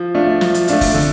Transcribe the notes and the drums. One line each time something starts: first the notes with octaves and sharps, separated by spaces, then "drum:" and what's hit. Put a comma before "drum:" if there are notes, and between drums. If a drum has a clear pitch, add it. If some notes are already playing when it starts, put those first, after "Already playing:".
Already playing: F3
A3 D4 F4
F3, drum: snare
drum: hi-hat
A3 D4 F4, drum: hi-hat
drum: kick F1, open hi-hat
D3